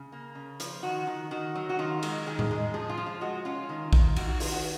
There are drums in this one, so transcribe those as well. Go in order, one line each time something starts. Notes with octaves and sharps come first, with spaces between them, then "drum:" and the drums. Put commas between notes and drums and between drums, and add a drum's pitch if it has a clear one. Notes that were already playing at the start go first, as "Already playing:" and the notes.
Already playing: C#3
A#3
C#3
F3, drum: hi-hat
D#3 F#4
D#3
D#3 F#4
F#3
F#4
D#3 F4
G#3, drum: cymbal
D#3 G#4
drum: tom A2
G#3
F3 G#4
F4
F3
F4
G#3 F#4
C#4 F4
D#3
D#3, drum: kick A#1
D#3 F#4, drum: cymbal
F#4
D#3 F4, drum: open hi-hat
F#4